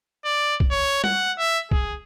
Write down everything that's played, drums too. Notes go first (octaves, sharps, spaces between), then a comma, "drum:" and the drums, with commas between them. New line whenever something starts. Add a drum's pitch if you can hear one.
D5
drum: kick
C#5
F#5, drum: tom G3
E5
G#4, drum: kick